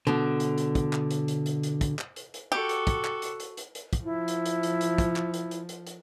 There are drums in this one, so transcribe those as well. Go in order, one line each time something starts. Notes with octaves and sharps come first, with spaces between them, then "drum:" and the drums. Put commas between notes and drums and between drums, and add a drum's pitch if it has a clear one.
B2 D3
drum: hi-hat
drum: hi-hat
drum: kick, hi-hat
drum: clap
drum: hi-hat
drum: hi-hat
drum: hi-hat
drum: hi-hat
drum: kick, hi-hat
drum: clap
drum: hi-hat
drum: hi-hat
F#4 G4 A4
drum: hi-hat
drum: kick, hi-hat
drum: clap
drum: hi-hat
drum: hi-hat
drum: hi-hat
drum: hi-hat
drum: kick, hi-hat
F3 E4
drum: hi-hat
drum: hi-hat
drum: hi-hat
drum: hi-hat
drum: kick, hi-hat
drum: clap
drum: hi-hat
drum: hi-hat
drum: hi-hat
drum: hi-hat